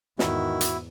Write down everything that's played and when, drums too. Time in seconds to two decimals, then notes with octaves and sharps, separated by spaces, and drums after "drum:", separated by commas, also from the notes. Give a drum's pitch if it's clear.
0.19 E2 G#2 D#3 E4 F#4, drum: snare
0.61 drum: hi-hat